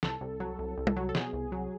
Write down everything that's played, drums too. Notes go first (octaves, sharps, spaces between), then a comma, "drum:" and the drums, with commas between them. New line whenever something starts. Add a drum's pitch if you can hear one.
C2 A4, drum: snare
C2
F#3
C2
C2
drum: tom
F#3
A4
B2 G#4, drum: snare
C2
F#3